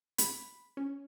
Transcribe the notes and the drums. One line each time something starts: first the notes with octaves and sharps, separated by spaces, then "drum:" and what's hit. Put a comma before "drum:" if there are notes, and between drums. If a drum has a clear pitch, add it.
B5, drum: hi-hat
C#4